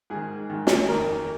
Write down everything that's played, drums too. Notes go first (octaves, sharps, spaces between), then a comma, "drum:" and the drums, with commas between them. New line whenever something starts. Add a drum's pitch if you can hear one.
G#2 D#3 G#4
G#2 D#3
drum: snare
F2 D#3 A#4